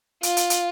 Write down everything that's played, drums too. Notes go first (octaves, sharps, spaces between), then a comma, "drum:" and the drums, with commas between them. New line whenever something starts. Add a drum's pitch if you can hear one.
F4, drum: hi-hat
drum: hi-hat
drum: hi-hat